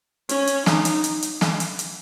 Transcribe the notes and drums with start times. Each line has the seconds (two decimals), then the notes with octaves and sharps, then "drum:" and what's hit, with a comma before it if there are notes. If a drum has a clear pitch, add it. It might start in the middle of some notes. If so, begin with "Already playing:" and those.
0.29 C#4, drum: hi-hat
0.47 drum: hi-hat
0.66 D#4, drum: snare
0.85 drum: hi-hat
1.04 drum: hi-hat
1.22 drum: hi-hat
1.41 drum: snare
1.60 drum: hi-hat
1.79 drum: hi-hat